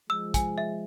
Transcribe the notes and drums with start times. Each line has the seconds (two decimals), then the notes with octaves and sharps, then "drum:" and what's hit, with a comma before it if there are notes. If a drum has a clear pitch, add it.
0.10 F3 G#3 E6
0.34 G#5, drum: kick, hi-hat
0.58 E5